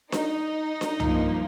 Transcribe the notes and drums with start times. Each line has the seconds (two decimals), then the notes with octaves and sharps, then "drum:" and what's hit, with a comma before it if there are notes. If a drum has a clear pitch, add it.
0.12 D#4, drum: snare D4
0.81 drum: snare D4
1.00 G2 F3 A#3, drum: tom